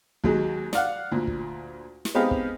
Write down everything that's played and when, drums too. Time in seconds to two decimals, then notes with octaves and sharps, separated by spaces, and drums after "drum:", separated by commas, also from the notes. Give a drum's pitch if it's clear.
0.24 D#2 F#3 G#3, drum: kick
0.73 D5 F5 F#5, drum: snare
1.12 D2 A#2
1.27 drum: kick
2.05 drum: snare
2.15 G#3 B3 C4 D#4 G4 F5
2.31 drum: kick